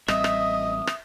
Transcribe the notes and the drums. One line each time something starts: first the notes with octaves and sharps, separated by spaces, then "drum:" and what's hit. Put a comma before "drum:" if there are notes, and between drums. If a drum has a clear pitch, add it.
A1 G3 C4 D#5 E5 D#6, drum: rim click
drum: rim click
drum: rim click